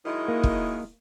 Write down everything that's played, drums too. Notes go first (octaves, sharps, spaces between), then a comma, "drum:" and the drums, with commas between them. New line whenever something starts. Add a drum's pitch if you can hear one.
D#3 F#3 G#3 E4
A#3
drum: kick